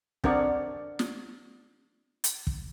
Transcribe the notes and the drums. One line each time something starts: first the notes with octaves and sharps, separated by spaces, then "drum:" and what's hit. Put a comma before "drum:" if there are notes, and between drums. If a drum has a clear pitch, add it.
C4 D4 A#4 D5 F#5, drum: kick
drum: snare
drum: hi-hat
drum: kick